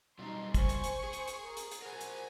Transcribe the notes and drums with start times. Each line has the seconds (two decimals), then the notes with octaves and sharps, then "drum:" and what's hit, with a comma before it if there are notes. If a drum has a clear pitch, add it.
0.19 B2 F#3 G3 D#4 C6
0.54 C5 G#5 C#6, drum: kick, hi-hat
0.69 drum: hi-hat
0.84 drum: hi-hat
1.04 G#4
1.13 drum: hi-hat
1.28 drum: hi-hat
1.48 A#4
1.57 drum: hi-hat
1.71 drum: hi-hat
1.82 F#4 A#4 C5 G#5
2.01 drum: hi-hat